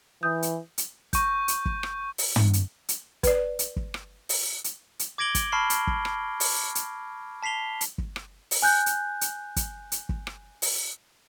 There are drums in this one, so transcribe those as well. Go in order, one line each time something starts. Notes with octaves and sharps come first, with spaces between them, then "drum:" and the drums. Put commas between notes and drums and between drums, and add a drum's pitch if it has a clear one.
E3 D#6 G6
drum: hi-hat
drum: hi-hat
C#6 G6, drum: kick, hi-hat
drum: hi-hat
drum: kick
drum: rim click
drum: open hi-hat
drum: tom
drum: hi-hat
drum: hi-hat
B4 D5, drum: kick, hi-hat
drum: hi-hat
drum: kick
drum: rim click
drum: open hi-hat
drum: hi-hat
drum: hi-hat
D6 G#6 A#6 D7 F#7 G7
drum: kick, hi-hat
A5 B5 C#6 F6 C7 G7
drum: hi-hat
drum: kick
drum: rim click
drum: open hi-hat
drum: hi-hat
A5 B6 C7 F7 G7
drum: hi-hat
drum: kick
drum: rim click
drum: open hi-hat
G#5 F#6 G6
drum: hi-hat
drum: hi-hat
drum: kick, hi-hat
drum: hi-hat
drum: kick
drum: rim click
drum: open hi-hat